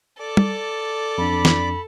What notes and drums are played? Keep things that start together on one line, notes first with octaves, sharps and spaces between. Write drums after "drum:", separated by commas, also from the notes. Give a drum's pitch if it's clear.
A4 D5 D6
drum: tom
F2 D4 B5
drum: snare